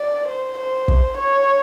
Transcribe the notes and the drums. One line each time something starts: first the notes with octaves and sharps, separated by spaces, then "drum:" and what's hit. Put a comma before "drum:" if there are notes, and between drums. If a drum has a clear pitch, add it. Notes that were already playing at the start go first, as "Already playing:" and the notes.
Already playing: D5
C5
C5
drum: kick
C#5